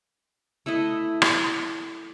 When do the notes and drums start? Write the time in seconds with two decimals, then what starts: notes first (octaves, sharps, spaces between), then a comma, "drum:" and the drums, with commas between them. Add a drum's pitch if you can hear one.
0.66 A3 E4 B4 D#5
1.22 drum: rim click